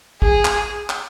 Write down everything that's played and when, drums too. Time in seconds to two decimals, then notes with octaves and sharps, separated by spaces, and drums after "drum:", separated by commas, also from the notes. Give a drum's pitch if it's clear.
0.22 G#4, drum: kick
0.45 drum: clap
0.90 drum: clap